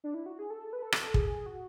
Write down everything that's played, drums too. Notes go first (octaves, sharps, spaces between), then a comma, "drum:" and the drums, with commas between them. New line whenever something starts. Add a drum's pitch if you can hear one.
D4
E4
F#4
G#4
A4
B4
A4
drum: rim click
G#4, drum: kick
F#4